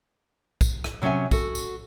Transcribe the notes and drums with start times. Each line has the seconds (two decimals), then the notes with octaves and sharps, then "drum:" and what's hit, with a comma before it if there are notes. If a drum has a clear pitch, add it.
0.61 drum: kick, tambourine
0.84 drum: rim click
1.02 C3 F#3 C#4 E5 G#5
1.31 F#4 A4, drum: kick, tambourine
1.55 drum: tambourine